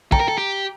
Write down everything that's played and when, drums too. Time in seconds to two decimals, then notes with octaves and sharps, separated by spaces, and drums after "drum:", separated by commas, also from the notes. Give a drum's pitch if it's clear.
0.12 A4 G5 A#5, drum: kick
0.20 A#4
0.28 A4
0.38 G4